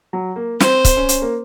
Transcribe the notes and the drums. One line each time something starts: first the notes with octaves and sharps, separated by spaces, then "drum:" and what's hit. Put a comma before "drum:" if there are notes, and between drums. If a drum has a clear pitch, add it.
F#3
A#3
C4 C5, drum: snare
drum: kick, hi-hat
C#4
drum: hi-hat
A#3